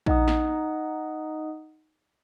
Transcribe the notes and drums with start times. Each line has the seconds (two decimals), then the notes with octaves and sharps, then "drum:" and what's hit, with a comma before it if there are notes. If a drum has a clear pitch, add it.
0.06 D#4 D#5 F#5 D#6, drum: kick A#1
0.28 drum: snare